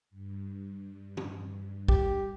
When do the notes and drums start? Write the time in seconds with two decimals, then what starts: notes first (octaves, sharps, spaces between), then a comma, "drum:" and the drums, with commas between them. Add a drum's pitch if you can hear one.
0.11 G2
1.17 drum: tom
1.88 G4, drum: kick